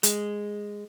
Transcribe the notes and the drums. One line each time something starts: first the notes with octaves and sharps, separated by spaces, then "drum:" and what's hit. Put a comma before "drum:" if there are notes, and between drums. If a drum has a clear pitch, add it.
G#3, drum: hi-hat